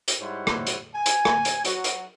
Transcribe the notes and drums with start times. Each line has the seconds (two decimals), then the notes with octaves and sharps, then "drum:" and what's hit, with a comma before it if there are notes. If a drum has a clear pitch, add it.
0.08 drum: hi-hat
0.20 G#2 G3 E4 C5 C#5 F#5
0.47 drum: rim click
0.67 drum: hi-hat
0.95 G#5
1.06 drum: hi-hat
1.25 drum: rim click
1.45 drum: hi-hat
1.65 F#3 F#4, drum: hi-hat
1.84 drum: hi-hat